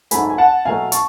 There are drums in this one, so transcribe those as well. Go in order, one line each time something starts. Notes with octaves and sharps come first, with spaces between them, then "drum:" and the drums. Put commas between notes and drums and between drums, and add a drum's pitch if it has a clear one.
G#2 F#3 A3 G#5 B5, drum: hi-hat
G#5
F#5 A5
B2 F#3 A3 F5 G#5
A5 C#6, drum: hi-hat